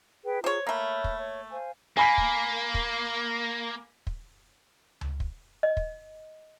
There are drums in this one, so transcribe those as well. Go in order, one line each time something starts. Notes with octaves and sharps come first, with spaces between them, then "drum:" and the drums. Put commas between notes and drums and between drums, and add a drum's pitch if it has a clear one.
G#4 B4 G5
F4 G#4 C5 C#5 A#5
A3 A#3 C#5 B5 F6
drum: kick
C#5
C5 F5 G#5
A#3 G#5 B5 B6
drum: kick
drum: kick
drum: kick
drum: tom C#2
drum: kick
D#5
drum: kick